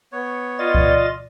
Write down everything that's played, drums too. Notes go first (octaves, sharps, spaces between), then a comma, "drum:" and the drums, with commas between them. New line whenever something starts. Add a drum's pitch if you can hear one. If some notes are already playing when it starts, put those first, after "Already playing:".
B3 C#5
F4 D5 D#5 A6
drum: kick C#2